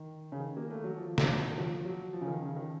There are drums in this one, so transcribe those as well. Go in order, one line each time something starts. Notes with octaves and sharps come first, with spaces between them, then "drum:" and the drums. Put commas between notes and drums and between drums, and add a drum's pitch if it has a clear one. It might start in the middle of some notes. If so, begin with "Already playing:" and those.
Already playing: D#3
C#3
D#3
A#3
A3
F#3
F3
drum: snare
F#3
D#3
F3
F#3
F3
C#3
D#3
C#3
D#3